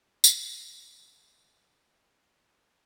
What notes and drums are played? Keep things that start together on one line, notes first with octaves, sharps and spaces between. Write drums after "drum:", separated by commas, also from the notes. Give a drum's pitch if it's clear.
A#4 B4 D5 F5 F#5, drum: tambourine